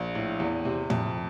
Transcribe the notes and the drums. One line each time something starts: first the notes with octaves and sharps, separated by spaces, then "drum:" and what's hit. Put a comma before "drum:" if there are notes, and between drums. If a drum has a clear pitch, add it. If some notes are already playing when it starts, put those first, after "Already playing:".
Already playing: A#1
A2
E2
C3
F2, drum: tom A2